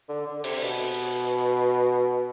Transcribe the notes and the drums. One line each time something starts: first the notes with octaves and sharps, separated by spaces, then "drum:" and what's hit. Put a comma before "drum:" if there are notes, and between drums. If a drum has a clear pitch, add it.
D3
D3
C3, drum: cymbal
B2
drum: cymbal